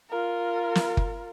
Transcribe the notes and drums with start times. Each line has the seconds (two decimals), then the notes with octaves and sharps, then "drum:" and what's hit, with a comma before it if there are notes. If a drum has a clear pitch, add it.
0.10 F4 A#4
0.75 drum: snare
0.97 drum: kick